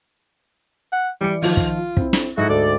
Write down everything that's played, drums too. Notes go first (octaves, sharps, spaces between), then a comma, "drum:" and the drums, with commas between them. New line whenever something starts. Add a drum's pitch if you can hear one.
F#5
E3 G3 D5 C#7
D#3 F3 F4, drum: open hi-hat
drum: kick
C4 E4, drum: kick
drum: snare
G#2 D#4 E4 F#4 A4
D2 D5